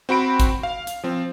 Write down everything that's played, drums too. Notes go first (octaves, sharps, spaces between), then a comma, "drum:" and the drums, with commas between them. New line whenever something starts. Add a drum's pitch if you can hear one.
C4 F#4 B5 D7
drum: kick, hi-hat
F5
drum: hi-hat
F3 C4